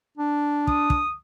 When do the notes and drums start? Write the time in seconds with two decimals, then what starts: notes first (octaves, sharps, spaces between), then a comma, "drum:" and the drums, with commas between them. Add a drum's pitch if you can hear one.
0.18 D4
0.67 D#6, drum: kick
0.90 drum: kick